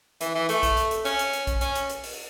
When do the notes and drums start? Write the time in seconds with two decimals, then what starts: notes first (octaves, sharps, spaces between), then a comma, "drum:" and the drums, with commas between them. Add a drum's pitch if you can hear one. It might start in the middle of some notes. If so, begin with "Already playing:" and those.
0.21 E3, drum: hi-hat
0.35 E3
0.49 A3, drum: hi-hat
0.63 drum: kick B1, hi-hat
0.77 drum: hi-hat
0.91 drum: hi-hat
1.05 C#4, drum: hi-hat
1.19 drum: hi-hat
1.33 drum: hi-hat
1.47 drum: kick B1, hi-hat
1.61 C#4, drum: hi-hat
1.75 drum: hi-hat
1.89 drum: hi-hat
2.04 drum: open hi-hat